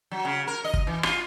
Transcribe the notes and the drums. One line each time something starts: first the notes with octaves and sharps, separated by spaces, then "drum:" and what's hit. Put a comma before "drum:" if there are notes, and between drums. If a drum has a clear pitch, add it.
F#3
C#3
A#4
D#5
drum: kick
E3
F4, drum: rim click